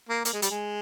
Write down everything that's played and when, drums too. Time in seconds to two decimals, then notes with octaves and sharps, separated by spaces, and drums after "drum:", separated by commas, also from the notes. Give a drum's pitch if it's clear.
0.09 A#3
0.25 A#3, drum: hi-hat
0.33 G#3
0.42 G3, drum: hi-hat
0.51 G#3